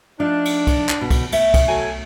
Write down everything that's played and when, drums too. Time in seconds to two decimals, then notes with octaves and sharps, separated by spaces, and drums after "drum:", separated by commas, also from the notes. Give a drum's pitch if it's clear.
0.20 F3 A3 D4 D#4
0.45 drum: cymbal
0.67 drum: kick C2, cymbal
0.89 drum: clap
1.01 B2
1.10 drum: kick C2, cymbal
1.32 A3 E5, drum: cymbal
1.54 drum: kick C2, cymbal
1.68 F#3 A4 G#5